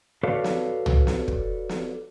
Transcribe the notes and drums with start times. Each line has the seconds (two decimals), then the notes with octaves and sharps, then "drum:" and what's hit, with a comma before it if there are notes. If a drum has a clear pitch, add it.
0.23 F#4 A4 B4 C#5 D5 F5
0.44 drum: snare
0.86 drum: tom
1.07 drum: snare
1.28 drum: kick
1.69 drum: snare